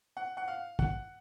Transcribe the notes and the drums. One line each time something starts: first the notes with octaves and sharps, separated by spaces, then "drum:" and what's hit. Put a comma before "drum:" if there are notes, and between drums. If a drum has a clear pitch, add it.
F#5
F#5
F5
F#5, drum: kick